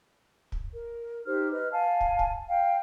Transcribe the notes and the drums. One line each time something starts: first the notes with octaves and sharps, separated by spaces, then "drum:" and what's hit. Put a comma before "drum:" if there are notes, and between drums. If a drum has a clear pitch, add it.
drum: kick
A#4
D#4 G4 C5 F6
B4 D#5 F6
F5 G#5 A5
drum: kick
drum: kick
F5 G5